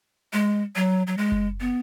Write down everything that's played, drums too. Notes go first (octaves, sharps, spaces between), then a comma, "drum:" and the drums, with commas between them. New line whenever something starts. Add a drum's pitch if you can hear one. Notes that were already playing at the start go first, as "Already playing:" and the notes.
G#3
F#3
F#3
G#3
drum: kick F#1
B3